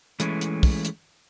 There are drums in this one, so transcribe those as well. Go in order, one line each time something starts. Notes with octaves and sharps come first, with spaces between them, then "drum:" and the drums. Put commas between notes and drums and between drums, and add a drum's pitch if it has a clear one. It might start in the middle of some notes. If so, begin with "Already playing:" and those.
E3 G#3 A3 C#4 E4, drum: hi-hat
drum: hi-hat
drum: kick, open hi-hat
drum: hi-hat